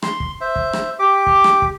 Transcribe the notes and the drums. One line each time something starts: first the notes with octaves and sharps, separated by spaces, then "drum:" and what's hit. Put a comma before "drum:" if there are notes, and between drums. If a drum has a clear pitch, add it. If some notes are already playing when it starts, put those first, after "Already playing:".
C6, drum: rim click
drum: kick
C5 E5
drum: kick
drum: rim click
G4 D6
drum: kick
drum: rim click
drum: kick